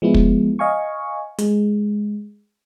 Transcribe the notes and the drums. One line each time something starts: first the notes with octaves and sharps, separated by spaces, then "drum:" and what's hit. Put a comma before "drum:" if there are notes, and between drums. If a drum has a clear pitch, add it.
F3 G#3 B3 E4
drum: kick
D#5 F5 G#5 C#6
G#3, drum: hi-hat